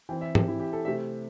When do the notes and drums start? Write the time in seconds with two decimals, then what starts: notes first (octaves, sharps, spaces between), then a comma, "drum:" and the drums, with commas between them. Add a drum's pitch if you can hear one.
0.09 E3 C4 G5
0.21 E5
0.35 G4, drum: tom
0.48 E4
0.59 G4
0.73 A4
0.85 C3 A3 C4 E5